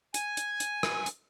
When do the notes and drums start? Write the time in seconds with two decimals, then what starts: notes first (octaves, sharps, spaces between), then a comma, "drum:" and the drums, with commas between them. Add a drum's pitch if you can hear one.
0.14 G#5, drum: hi-hat
0.37 drum: hi-hat
0.60 drum: hi-hat
0.83 drum: rim click
1.06 drum: hi-hat